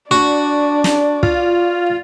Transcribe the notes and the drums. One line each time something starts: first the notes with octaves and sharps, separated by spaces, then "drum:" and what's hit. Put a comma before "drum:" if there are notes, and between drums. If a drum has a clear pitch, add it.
D4 F#4 D5
drum: snare
F4, drum: kick